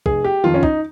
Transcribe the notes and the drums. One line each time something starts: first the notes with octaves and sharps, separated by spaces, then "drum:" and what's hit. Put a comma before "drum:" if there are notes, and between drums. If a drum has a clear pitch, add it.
F1 G#4, drum: kick
G4
F2 D#3 F4
C#4
D#4, drum: kick